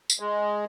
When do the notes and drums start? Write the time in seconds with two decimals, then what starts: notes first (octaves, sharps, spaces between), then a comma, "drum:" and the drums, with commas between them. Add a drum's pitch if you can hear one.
0.10 drum: tambourine
0.20 G#3